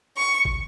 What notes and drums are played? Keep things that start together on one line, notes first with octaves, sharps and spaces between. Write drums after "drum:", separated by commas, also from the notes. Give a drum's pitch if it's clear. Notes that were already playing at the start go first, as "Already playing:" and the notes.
C#6
drum: kick